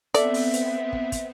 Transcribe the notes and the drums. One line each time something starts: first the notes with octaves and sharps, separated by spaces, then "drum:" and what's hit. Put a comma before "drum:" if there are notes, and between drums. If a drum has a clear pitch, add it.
B3 C4 A4 D5 E5, drum: hi-hat
drum: open hi-hat
drum: hi-hat
drum: kick
drum: kick, hi-hat